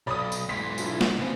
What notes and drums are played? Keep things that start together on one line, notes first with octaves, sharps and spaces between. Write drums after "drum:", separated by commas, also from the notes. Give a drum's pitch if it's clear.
B1 D5 B5 D#6
drum: tambourine
B1 G#2 E3 C6 B6
D4 E4 F4, drum: tambourine
drum: snare
C#3 F3 C4 B4 F5